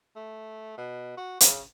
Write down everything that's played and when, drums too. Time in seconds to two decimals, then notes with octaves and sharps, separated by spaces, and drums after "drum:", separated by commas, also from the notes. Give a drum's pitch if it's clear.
0.16 A3
0.78 B2
1.17 F#4
1.41 C#3, drum: hi-hat